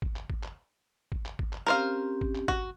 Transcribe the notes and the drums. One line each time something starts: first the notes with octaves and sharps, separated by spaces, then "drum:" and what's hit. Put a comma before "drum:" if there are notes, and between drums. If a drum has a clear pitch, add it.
drum: kick G#1
drum: clap
drum: kick G#1
drum: clap
drum: kick G#1
drum: clap
drum: kick G#1
drum: clap
C4 C#4 G4 A#4 C5 F5
drum: kick G#1
drum: clap
F#4, drum: kick G#1